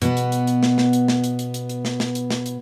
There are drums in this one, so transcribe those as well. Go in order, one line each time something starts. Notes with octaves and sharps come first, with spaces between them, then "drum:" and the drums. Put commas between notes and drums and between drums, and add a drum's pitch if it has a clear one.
B2 B3, drum: hi-hat
drum: hi-hat
drum: hi-hat
drum: hi-hat
drum: snare
drum: snare
drum: hi-hat
drum: snare
drum: hi-hat
drum: hi-hat
drum: hi-hat
drum: hi-hat
drum: snare
drum: snare
drum: hi-hat
drum: snare
drum: hi-hat